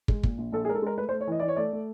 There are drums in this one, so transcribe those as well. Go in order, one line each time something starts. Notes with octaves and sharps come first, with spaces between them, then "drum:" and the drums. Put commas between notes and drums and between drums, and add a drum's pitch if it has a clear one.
G#3, drum: kick
A#2, drum: kick
A#1
A#1 A4
G#4
G#3 A#4
A4
G#3 A#4
A3 B4
C5
A3
C#5
E3 D#5
E3 D5
C#5
A3 D5
A3